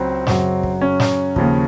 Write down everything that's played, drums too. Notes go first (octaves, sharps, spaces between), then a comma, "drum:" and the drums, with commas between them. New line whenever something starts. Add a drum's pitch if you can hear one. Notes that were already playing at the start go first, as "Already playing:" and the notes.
Already playing: C#2 F#3 C4
F#2 C#3 F#3, drum: snare
drum: kick
C#4
drum: snare
D#2 C#3 F3, drum: kick